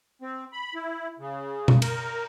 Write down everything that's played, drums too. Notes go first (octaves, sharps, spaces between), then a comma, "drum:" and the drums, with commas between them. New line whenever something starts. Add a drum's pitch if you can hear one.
C4
B5
E4
C#3
drum: tom B2
A#4, drum: cymbal